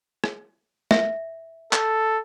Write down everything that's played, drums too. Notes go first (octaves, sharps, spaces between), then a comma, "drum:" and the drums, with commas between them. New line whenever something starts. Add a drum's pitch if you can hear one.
drum: rim click
E5, drum: snare
A4, drum: clap